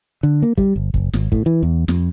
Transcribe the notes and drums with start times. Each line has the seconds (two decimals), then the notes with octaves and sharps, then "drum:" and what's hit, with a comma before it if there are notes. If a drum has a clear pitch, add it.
0.23 D3
0.42 A#3
0.58 G3, drum: kick
0.76 G1
0.94 F#1, drum: kick
1.13 G#1, drum: snare
1.32 A2, drum: kick
1.46 E3
1.63 E2
1.88 F2, drum: snare